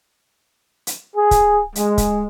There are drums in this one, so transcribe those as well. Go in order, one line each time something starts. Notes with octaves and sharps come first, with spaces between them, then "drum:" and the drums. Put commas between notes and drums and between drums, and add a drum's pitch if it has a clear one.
drum: hi-hat
G#4
drum: kick C#1, hi-hat
G#3, drum: hi-hat
drum: kick C#1, hi-hat